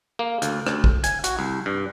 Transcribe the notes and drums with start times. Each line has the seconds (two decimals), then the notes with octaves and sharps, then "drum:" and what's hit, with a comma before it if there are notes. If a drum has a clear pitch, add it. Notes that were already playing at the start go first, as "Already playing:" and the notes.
0.19 A#3
0.42 D2, drum: hi-hat
0.67 D2, drum: rim click
0.84 drum: kick
1.04 G#5, drum: hi-hat
1.24 F#4, drum: hi-hat
1.39 C2
1.66 G2